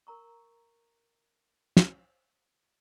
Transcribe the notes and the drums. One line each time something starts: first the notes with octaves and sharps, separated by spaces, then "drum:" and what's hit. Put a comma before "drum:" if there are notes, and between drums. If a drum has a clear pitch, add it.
A#4 A#5 C#6
drum: snare